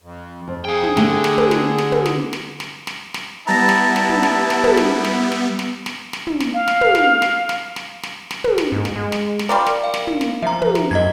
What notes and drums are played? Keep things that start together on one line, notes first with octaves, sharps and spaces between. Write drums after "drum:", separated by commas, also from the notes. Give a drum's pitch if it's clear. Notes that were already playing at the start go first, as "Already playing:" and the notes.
F2
F2
G#4 F5 G5
drum: tom
D3 A3 G4, drum: snare
drum: snare
drum: tom
drum: snare
drum: snare
drum: tom
drum: snare
drum: snare
drum: snare
drum: snare
drum: snare
G3 B3 E4 A5 A#5 A6 A#6
drum: snare
drum: snare
drum: tom
drum: snare
drum: snare
drum: tom
drum: snare
drum: snare
drum: snare
drum: snare
drum: snare
drum: snare
drum: tom
drum: snare
F5
drum: snare
drum: tom
drum: snare
drum: snare
drum: snare
drum: snare
drum: snare
drum: snare
drum: tom
drum: snare
G#2
drum: snare
G#3
drum: snare
drum: snare
G3 F4 A#4 D5
drum: snare
F5
drum: snare
drum: tom
drum: snare
F3 E5 A#5
drum: tom
drum: snare
F#2 D#5 A#5 G#6